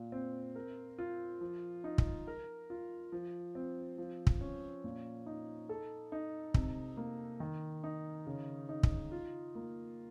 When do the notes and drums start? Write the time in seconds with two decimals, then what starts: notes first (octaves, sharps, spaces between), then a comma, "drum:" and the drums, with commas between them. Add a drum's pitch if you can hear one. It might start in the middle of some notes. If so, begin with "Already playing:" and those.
Already playing: A#2
0.12 C4
0.55 A#4
0.98 F4
1.41 F3
1.84 D#4
1.98 drum: kick
2.27 A#4
2.70 F4
3.12 F3
3.55 C4
3.98 F3
4.27 drum: kick
4.41 C#4
4.84 A#2
5.26 D#4
5.69 A4
6.12 D#4
6.54 C3, drum: kick
6.97 A#3
7.40 D#3
7.84 D#4
8.27 C#3
8.69 D#4
8.83 drum: kick
9.12 F4
9.55 A#3